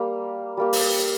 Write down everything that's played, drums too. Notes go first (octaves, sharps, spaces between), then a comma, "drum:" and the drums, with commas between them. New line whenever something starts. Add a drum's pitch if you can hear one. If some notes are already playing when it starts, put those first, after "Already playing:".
Already playing: G3 A#3 G4
G3 A#3 G4
drum: open hi-hat